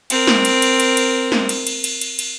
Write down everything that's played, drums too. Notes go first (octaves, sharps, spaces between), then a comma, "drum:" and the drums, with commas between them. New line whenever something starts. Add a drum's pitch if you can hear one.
C4 A#4, drum: cymbal
drum: snare
drum: cymbal
drum: cymbal
drum: cymbal
drum: cymbal
drum: snare
drum: cymbal
drum: cymbal
drum: cymbal
drum: cymbal
drum: cymbal